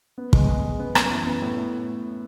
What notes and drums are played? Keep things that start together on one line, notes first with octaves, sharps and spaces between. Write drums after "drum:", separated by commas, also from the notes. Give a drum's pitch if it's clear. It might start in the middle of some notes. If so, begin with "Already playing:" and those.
B3
G#3, drum: kick
G#3
G#3
B3
F#2, drum: rim click
E3
B3
A2
A2